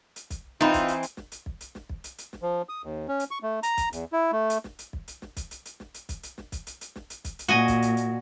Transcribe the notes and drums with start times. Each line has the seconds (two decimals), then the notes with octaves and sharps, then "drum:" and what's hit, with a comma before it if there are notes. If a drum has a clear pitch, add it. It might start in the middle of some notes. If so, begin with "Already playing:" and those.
0.16 drum: hi-hat
0.30 drum: kick, hi-hat
0.61 E3 C4 D#4 F4 D#5 A#5 B5, drum: snare
0.74 drum: kick, hi-hat
0.88 drum: hi-hat
1.03 drum: hi-hat
1.17 drum: snare
1.32 drum: hi-hat
1.46 drum: kick
1.61 drum: hi-hat
1.75 drum: snare
1.89 drum: kick
2.04 drum: hi-hat
2.18 drum: hi-hat
2.33 drum: snare
2.42 F3
2.69 D#6
2.84 D#2
3.08 C#4
3.20 drum: hi-hat
3.31 C#6
3.43 A3
3.63 A#5, drum: hi-hat
3.77 drum: kick, hi-hat
3.93 E2, drum: hi-hat
4.13 E4
4.32 A3
4.50 drum: hi-hat
4.64 drum: snare
4.79 drum: hi-hat
4.93 drum: kick
5.08 drum: hi-hat
5.22 drum: snare
5.37 drum: kick, hi-hat
5.51 drum: hi-hat
5.65 drum: hi-hat
5.80 drum: snare
5.94 drum: hi-hat
6.09 drum: kick, hi-hat
6.23 drum: hi-hat
6.38 drum: snare
6.52 drum: kick, hi-hat
6.67 drum: hi-hat
6.81 drum: hi-hat
6.96 drum: snare
7.10 drum: hi-hat
7.25 drum: kick, hi-hat
7.39 drum: hi-hat
7.48 A#2 F#4 D#5 G#5
7.68 drum: kick, hi-hat
7.82 drum: hi-hat
7.97 drum: hi-hat